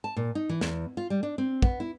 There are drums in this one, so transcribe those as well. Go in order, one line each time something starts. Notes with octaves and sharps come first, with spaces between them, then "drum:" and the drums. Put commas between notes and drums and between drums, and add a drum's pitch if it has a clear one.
A5
A#2
D#4
E3
E2, drum: snare
F4
G3
D4
C4
B3, drum: kick
E4